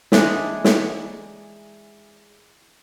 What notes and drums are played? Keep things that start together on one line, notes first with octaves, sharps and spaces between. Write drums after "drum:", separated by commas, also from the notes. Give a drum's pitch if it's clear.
E3 G#3 D4 D#4, drum: snare
drum: snare